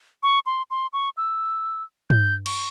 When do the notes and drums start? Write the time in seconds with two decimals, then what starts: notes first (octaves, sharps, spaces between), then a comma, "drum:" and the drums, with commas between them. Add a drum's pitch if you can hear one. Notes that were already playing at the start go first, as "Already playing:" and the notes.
0.23 C#6
0.46 C6
0.71 C6
0.93 C#6
1.17 E6
2.10 G6, drum: tom
2.46 C#6, drum: cymbal